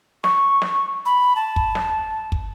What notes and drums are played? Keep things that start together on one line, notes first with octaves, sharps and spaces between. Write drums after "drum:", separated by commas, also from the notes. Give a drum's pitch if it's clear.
C#6, drum: snare
drum: snare
B5
A5
drum: kick
drum: snare
drum: kick